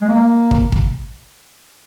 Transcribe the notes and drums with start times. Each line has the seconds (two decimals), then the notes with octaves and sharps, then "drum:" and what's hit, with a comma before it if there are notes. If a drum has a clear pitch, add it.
0.01 G#3
0.08 A#3
0.51 drum: kick
0.72 drum: kick